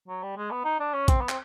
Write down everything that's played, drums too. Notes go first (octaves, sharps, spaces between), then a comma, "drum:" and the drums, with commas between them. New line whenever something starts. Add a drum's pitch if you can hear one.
F#3
G3
G#3
B3
D#4
D4
C#4
C4, drum: kick A#1, hi-hat
B3
C4, drum: clap